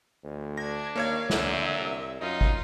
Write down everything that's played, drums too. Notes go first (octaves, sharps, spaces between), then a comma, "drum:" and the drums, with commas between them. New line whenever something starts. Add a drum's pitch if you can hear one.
D2
D4 G#6 A#6
D#2 A#3 C#5 F5 G#6
F#2 D3 E5, drum: snare
C2
F#2 D#4 F4
drum: kick